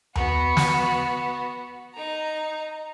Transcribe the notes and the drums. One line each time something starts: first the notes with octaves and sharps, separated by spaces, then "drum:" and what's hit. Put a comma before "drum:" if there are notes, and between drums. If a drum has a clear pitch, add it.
B3 F#4, drum: tom D#2
drum: snare
D#4 A#5